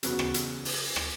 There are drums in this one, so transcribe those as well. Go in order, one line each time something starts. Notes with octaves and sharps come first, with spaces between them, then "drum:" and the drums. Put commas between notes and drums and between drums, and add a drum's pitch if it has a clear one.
E2 C#3 F#3 B3 F#4, drum: hi-hat
drum: rim click
drum: hi-hat
drum: open hi-hat
drum: rim click